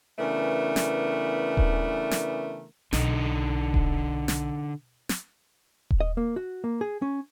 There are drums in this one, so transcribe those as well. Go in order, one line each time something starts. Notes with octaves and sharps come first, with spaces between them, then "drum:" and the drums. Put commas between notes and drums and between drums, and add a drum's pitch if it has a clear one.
C#3 E3 A3 B3 D4 A#4
drum: snare
drum: kick D#1
drum: snare
B1 D3 D#4, drum: snare
drum: kick D#1
drum: snare
drum: snare
drum: kick D#1
D#5
A#3
F#4
A#3
G#4
C#4